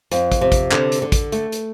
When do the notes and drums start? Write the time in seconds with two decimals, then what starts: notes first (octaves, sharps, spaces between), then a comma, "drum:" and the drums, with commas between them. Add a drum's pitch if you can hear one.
0.11 F2, drum: hi-hat
0.32 drum: kick, hi-hat
0.41 C3
0.52 drum: kick, hi-hat
0.72 D3, drum: clap
0.92 drum: hi-hat
1.02 D3
1.12 drum: kick, hi-hat
1.32 A3, drum: hi-hat
1.52 drum: hi-hat